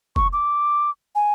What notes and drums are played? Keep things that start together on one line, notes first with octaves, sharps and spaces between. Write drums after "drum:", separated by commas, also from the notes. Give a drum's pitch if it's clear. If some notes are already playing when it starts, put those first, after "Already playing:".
C#6, drum: kick
D6
G#5